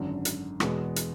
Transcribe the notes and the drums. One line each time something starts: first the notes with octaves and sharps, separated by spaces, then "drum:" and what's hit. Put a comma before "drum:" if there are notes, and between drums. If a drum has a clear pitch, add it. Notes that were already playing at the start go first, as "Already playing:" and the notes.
Already playing: G#1 F#2 D3
drum: hi-hat
E2 B2 G#3 B3, drum: rim click
drum: hi-hat